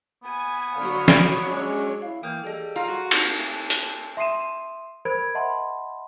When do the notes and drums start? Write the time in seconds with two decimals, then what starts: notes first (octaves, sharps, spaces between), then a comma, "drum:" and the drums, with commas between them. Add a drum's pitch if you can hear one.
0.23 B3 G#5
0.75 D3 F#3 C#5 F5
1.08 drum: snare
1.47 G#3 C#4 D4
2.02 E4 F5
2.23 E3 A#3 G5 D#6 G6
2.44 G3 G#4 A4 D#5
2.76 F4 A#5 F6 A#6
2.88 F#4
3.11 D4 A4 B6, drum: cymbal
3.70 drum: hi-hat
4.17 E5 C6 D#6 C7 D#7 E7
5.05 A#4 C5 B5 G#6 D7
5.35 D#5 E5 F#5 A5 B5 C6